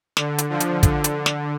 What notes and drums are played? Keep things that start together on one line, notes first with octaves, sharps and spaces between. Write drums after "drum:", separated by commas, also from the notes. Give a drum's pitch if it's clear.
D3, drum: snare
drum: hi-hat
D3 F3
drum: hi-hat
D3, drum: kick, hi-hat
drum: hi-hat
drum: snare